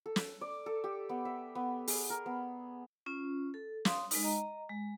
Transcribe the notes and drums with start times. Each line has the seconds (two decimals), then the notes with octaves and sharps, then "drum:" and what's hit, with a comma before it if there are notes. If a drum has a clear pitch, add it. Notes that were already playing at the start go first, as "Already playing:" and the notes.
0.06 A4
0.16 drum: snare
0.41 D5
0.66 A4
0.84 G4
1.09 B3
1.25 E5
1.55 B3
1.88 G#4, drum: open hi-hat
2.10 A#4
2.26 B3
3.06 C#4 F4
3.54 A4
3.85 F5 C6 D#6, drum: snare
4.11 G#3 D#4, drum: open hi-hat
4.23 D#5 A#5
4.69 G#3